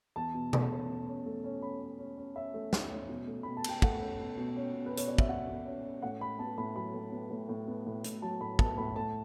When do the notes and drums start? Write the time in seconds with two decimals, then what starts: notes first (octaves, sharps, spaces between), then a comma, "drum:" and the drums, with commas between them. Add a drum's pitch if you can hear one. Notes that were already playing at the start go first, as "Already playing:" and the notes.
0.16 E2 A5
0.34 B2
0.53 A3, drum: tom B2
0.70 C#4
0.89 B2
1.07 C#4
1.26 A3
1.44 C#4
1.62 C#4 B5
1.81 C#4
1.99 C#4
2.18 C#4
2.36 C#4 E5
2.54 A3
2.73 A3, drum: snare
2.91 C#4
3.09 B2
3.27 A3
3.43 B2 B5
3.57 A5
3.64 B2 G5, drum: cymbal
3.82 A3 F#5, drum: kick
4.00 C#4
4.19 B2
4.37 B2
4.57 C#4
4.74 B2
4.86 B4
4.92 B2
4.97 C#5, drum: hi-hat
5.08 B2 D5
5.18 E5, drum: kick
5.29 B2 F#5
5.48 B2
5.66 C#4
5.84 C#4
6.02 A2 F#5
6.21 A2 B5
6.39 B3 A5
6.58 A2 B5
6.76 F#3 B5
6.94 A2
7.12 B3
7.31 A2
7.49 A2
7.68 B3
7.87 A2
8.04 A2, drum: hi-hat
8.22 F#3 A5
8.40 A2 B5
8.59 B3 A5, drum: kick
8.77 A2 B5
8.96 A2 A5